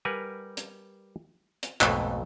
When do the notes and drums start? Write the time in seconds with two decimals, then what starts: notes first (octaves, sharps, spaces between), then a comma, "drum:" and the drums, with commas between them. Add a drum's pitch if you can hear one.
0.05 G3 A#4 B4 F#5 G#5
0.57 drum: hi-hat
1.63 drum: hi-hat
1.81 B1 F2 G#2 B2 F#3 A3, drum: clap